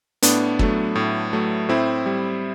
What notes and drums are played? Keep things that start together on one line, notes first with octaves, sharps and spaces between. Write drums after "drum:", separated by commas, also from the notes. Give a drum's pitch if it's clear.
A2 B3 D4, drum: hi-hat
F#3 A3, drum: kick
A2
F#3 A3
A2 C4 E4
G3